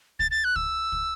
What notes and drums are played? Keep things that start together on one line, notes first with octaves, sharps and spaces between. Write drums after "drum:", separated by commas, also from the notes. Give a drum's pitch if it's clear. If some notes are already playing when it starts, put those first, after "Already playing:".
A6, drum: kick
A6
F#6
E6, drum: kick
drum: kick